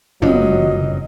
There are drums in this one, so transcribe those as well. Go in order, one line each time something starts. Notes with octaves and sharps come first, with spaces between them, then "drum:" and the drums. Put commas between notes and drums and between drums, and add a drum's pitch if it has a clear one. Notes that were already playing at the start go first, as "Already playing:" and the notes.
F#1 G2 F#3 F4 D#5, drum: tom